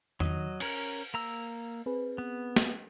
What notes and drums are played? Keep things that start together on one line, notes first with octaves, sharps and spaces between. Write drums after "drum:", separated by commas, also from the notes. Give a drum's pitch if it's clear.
D#3 F#3 D#5, drum: tom E2
C#4 A#4 G#6, drum: cymbal
A#3 A#5 E6
C4 G#4 B4
B3
drum: snare